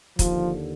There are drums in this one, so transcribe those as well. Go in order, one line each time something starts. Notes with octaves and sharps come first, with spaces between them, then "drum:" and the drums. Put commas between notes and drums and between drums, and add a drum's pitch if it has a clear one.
D#2 D3 F3, drum: kick, hi-hat